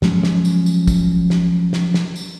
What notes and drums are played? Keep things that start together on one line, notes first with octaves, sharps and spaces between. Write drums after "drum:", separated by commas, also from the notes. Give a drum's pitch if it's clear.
F3 F#3 G#3 C#4, drum: snare
drum: snare
drum: tambourine
drum: tambourine
drum: kick, tambourine
drum: snare
drum: snare
drum: snare
drum: tambourine